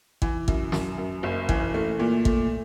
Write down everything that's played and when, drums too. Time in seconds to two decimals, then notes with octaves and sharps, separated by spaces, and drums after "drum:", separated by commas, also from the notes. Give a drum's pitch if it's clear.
0.22 E3, drum: kick
0.48 F#2, drum: kick
0.72 F#2, drum: snare
0.98 F#2
1.23 F#1
1.49 E3, drum: kick
1.74 A3
1.99 A#2
2.25 A3, drum: kick